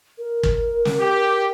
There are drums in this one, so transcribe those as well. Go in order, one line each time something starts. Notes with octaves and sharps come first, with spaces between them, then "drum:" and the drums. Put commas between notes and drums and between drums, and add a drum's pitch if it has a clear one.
A#4
drum: kick
drum: snare
G4